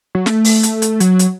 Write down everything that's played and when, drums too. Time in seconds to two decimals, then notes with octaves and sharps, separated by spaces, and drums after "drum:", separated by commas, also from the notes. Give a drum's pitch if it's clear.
0.15 F#3
0.26 A3, drum: snare
0.44 drum: open hi-hat
0.63 drum: hi-hat
0.82 drum: hi-hat
1.00 F#3, drum: hi-hat
1.19 drum: hi-hat